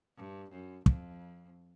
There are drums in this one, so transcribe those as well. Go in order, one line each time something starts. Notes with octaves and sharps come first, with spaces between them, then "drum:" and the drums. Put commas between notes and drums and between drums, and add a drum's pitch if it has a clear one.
G2
F#2
F2, drum: kick